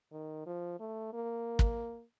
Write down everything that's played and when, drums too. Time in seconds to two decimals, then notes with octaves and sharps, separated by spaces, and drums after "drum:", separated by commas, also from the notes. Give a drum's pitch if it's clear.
0.12 D#3
0.47 F3
0.80 A3
1.13 A#3
1.59 drum: kick